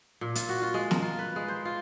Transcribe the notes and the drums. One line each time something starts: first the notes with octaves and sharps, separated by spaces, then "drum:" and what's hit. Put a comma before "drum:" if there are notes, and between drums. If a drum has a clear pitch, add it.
A#2
F4, drum: hi-hat
F#4
F4
G#3
A#4, drum: snare
F4
B4
G#3
C5
F4